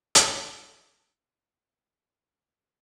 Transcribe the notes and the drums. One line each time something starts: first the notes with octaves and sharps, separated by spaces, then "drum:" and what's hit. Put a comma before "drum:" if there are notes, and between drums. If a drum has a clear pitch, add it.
drum: hi-hat
C3
C#2 D3 E3 F#3 A3 A#3 D4